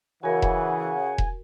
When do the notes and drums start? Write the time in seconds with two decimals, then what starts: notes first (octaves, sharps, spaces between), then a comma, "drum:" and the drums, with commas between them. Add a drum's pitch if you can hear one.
0.23 C#3 E3 F#4 A#4 F#5 G#5
0.42 drum: kick E1
1.18 drum: kick E1